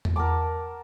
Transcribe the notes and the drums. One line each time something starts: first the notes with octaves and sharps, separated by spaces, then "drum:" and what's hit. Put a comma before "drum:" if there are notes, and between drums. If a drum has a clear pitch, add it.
drum: tom E2
A#4 F#5 A5 D6